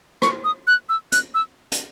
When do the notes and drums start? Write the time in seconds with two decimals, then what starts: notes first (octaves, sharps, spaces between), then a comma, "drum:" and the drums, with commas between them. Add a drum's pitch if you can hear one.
0.22 C#6, drum: rim click
0.44 D#6
0.67 F#6
0.89 E6
1.12 F#6, drum: hi-hat
1.34 E6
1.72 drum: hi-hat